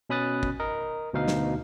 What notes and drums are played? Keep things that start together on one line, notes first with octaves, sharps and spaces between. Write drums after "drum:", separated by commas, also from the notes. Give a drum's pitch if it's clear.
B2 C#4 B5 D#6 F#6 A6
drum: kick
A#4 D#5
D2 B2 D#4 F5
drum: snare